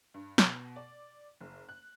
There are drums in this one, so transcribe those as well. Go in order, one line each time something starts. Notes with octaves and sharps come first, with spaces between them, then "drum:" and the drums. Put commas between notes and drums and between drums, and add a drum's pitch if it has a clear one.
G2
B2, drum: snare
D5
F#1
F#6